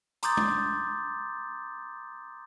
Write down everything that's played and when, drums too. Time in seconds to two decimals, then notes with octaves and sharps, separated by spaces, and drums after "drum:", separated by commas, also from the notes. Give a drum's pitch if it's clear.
0.23 A#5 C6 D6 D#6 G6 A6, drum: hi-hat
0.37 drum: tom G#3